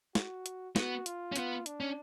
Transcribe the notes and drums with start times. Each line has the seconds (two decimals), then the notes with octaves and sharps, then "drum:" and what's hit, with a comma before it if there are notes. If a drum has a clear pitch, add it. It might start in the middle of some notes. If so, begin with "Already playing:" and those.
0.15 F#4, drum: snare
0.46 drum: hi-hat
0.76 B3 F#4, drum: snare
1.06 F4, drum: hi-hat
1.32 C#4
1.36 B3 F4, drum: hi-hat
1.66 D4, drum: hi-hat
1.80 C#4